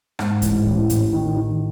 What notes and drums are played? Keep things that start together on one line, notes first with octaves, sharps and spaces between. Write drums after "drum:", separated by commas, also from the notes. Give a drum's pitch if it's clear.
G#2, drum: rim click
A1, drum: kick C#2, hi-hat
A1
A1, drum: hi-hat
D#3
D#3